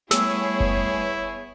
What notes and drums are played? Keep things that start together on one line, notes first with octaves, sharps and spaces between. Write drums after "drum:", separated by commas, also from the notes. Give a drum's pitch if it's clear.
G3 A3 B3 E4 G#4 C#5 E6, drum: snare
drum: kick F#1